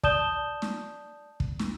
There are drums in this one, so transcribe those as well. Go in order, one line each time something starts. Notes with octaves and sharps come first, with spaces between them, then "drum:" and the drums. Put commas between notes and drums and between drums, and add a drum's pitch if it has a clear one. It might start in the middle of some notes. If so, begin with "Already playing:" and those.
D5 A5 D#6 G6 E7 G7, drum: kick
drum: snare
drum: kick
drum: snare